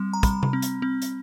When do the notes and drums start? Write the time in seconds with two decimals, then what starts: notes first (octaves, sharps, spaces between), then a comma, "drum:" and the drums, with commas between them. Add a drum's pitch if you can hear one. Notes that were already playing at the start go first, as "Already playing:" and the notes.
Already playing: G3 C4
0.13 A#5
0.23 G3 B5, drum: kick, hi-hat
0.43 drum: tom C3
0.53 C4
0.62 drum: hi-hat
0.82 C4
1.02 drum: hi-hat